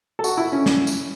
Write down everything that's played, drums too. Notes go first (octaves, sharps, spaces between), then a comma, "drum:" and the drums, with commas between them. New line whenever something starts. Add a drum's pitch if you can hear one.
A4
F#4, drum: tambourine
E4
C#4
drum: snare
drum: tambourine